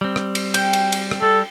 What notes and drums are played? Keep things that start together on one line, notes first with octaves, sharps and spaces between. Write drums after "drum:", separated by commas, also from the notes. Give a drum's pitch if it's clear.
G3 C4
drum: rim click
drum: cymbal
G5, drum: cymbal
drum: cymbal
drum: cymbal
drum: rim click
G3 A4